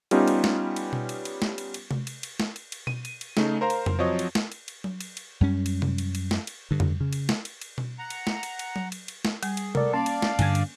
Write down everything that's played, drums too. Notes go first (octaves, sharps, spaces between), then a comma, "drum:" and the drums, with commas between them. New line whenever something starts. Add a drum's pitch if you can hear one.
G3 B3 C#4 D#4 F4 G4, drum: cymbal
drum: cymbal
drum: snare
drum: cymbal
drum: tom B2
drum: cymbal
drum: cymbal
drum: snare
drum: cymbal
drum: cymbal
drum: tom C3
drum: cymbal
drum: cymbal
drum: snare
drum: cymbal
drum: cymbal
D#7, drum: tom B2
drum: cymbal
drum: cymbal
C#3 A3 D#4, drum: snare
A#4 C5 F5 A#5
drum: cymbal
drum: tom F2
F3 F#3 C4 C#5 D#5
drum: cymbal
drum: snare
drum: cymbal
drum: cymbal
drum: tom F#3
drum: cymbal
drum: cymbal
F#2 G3 C#4
drum: cymbal
drum: tom C3
drum: cymbal
drum: cymbal
drum: snare
drum: cymbal
G2 D3
drum: tom F2
C#3
drum: cymbal
drum: snare
drum: cymbal
drum: cymbal
drum: tom B2
F#5 A#5
drum: cymbal
drum: snare
drum: cymbal
drum: cymbal
drum: tom F#3
drum: cymbal
drum: cymbal
drum: snare
G3 G#4, drum: cymbal
drum: cymbal
B3 A4 A#4 D5, drum: tom C3
A#3 C#4 D5 F5 A5
drum: cymbal
drum: snare
G2 D3 G#5 G#6, drum: cymbal
drum: cymbal